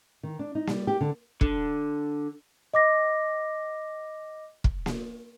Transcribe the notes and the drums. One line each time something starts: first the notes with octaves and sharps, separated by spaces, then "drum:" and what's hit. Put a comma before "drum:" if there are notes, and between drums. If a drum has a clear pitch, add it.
D#3
D4
D#4
G3, drum: snare A#3
G4
D3
D3, drum: kick
D#5 D6 A#6
drum: kick
drum: snare A#3